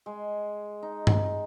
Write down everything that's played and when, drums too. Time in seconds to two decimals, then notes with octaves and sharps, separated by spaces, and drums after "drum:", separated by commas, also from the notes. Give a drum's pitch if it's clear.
0.06 G#3
0.82 D#4
1.07 drum: tom G2